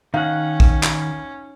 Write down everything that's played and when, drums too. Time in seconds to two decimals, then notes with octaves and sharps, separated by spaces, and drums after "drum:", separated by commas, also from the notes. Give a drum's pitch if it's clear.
0.14 D#3 C#4 D#4 F5 F#5
0.60 drum: kick
0.83 drum: clap